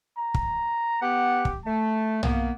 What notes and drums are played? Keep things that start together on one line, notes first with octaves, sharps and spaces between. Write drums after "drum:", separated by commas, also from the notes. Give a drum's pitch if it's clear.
A#5
drum: kick
B3 G4 F#5
drum: kick
A3 A5
A#3 B3, drum: tom B1